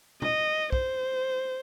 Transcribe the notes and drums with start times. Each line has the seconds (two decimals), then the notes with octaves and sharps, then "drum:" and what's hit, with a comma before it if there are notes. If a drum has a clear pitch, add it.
0.22 D#5, drum: tom B2
0.72 C5, drum: kick